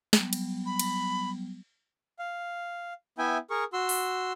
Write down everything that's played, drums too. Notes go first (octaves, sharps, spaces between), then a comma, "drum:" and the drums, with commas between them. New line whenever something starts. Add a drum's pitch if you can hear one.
F#3 G3 B3, drum: snare
drum: cymbal
B5
drum: cymbal
F5
B3 E4 E5 G5 G#5
G#4 A#4 C#6
F#4 C6 E6
drum: open hi-hat